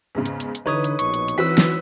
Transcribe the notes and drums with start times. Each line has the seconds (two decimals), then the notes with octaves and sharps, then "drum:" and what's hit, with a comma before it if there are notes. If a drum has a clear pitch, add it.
0.15 E2 G#2 C#3
0.25 drum: hi-hat
0.40 drum: hi-hat
0.55 drum: hi-hat
0.66 D3 E3 D#4 B4 C#5 D#6
0.84 drum: hi-hat
0.99 A#1 B2 C#6, drum: hi-hat
1.14 drum: hi-hat
1.28 drum: hi-hat
1.38 E3 C4 F#4 B4 E6 B6
1.58 drum: snare